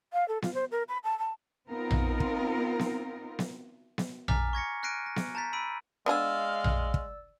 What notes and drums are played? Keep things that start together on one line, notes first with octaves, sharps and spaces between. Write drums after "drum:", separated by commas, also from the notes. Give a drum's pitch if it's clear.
F5
A4
F4, drum: snare B3
C5
A#4
B5
A5
A5
B3 C4 D#4 F4 A#4
drum: tom A#1
drum: kick
drum: snare B3
drum: snare B3
drum: snare B3
G#5 A#5 D6 F6 A6 B6, drum: tom A#1
C#6 G#6 A#6 C#7
F6 F#6 A#6 C7 D7 D#7
A#6
drum: snare B3
A5 A#5 G6 A6 B6
B5 E6 B6 D7 D#7
G#3 B3 D4 G#4 D5 F5 E6
drum: tom A#1
drum: kick